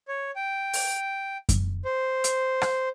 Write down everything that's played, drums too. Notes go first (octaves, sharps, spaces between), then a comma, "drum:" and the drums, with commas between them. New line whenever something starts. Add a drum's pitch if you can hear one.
C#5
G5
drum: open hi-hat
drum: kick F#2, hi-hat
C5
drum: hi-hat
drum: rim click